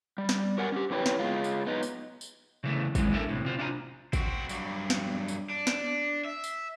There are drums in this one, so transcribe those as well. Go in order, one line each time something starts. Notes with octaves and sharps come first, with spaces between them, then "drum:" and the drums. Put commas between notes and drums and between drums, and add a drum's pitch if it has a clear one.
G3
drum: snare
G4 A#4 F#5 G#5
C#4 G4
F2 C4 E4 B4 C#5 G5
drum: snare
G#3 F4
drum: tambourine
B3 D#4
drum: tambourine
drum: tambourine
C#3 E3 A3
D#2 G#2 E3 G#3, drum: kick, tambourine
D4 E4 A4 A#4 E5
A2 C3
C3 F4 C5
D4 E4 F4 G#5 A#5
C4 F#4, drum: kick, tambourine
G2 F#3, drum: tambourine
drum: snare
drum: tambourine
D4
drum: snare
E5
drum: tambourine